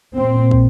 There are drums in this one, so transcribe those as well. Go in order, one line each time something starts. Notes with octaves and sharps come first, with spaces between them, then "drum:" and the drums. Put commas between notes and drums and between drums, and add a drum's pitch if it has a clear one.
A#2 C4
drum: kick